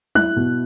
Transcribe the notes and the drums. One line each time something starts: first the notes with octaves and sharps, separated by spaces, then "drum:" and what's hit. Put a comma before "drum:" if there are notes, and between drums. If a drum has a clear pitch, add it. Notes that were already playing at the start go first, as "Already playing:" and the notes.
E4 F#6, drum: tom F#3
B2